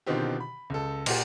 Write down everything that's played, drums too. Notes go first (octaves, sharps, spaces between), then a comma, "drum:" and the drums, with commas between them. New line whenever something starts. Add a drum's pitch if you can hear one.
B2 D3 D#3 C4 F4 G4
B5
C#2 A4
A#2 A#3 F#4 G4, drum: cymbal